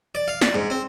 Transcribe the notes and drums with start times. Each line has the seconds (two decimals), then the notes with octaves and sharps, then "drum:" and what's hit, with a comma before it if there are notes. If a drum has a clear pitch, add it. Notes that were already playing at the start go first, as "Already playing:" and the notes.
0.15 D5
0.28 F5
0.41 D5, drum: snare
0.55 G#2
0.70 C4